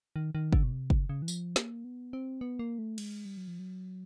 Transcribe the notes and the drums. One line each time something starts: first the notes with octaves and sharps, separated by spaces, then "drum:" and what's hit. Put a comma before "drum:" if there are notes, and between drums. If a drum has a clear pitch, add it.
D#3
D#3
D3, drum: kick
B2
C3
C#3, drum: kick
C#3
E3
F3, drum: tambourine
A#3, drum: snare
B3
C4
B3
A#3
A3
G#3, drum: cymbal
G3
F#3
F3
F#3